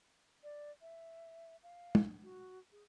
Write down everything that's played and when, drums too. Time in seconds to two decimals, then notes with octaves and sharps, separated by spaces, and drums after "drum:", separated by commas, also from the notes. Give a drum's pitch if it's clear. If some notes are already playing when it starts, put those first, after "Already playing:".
0.43 D5
0.81 E5
1.63 F5
1.95 drum: tom
2.23 F#4
2.72 G#4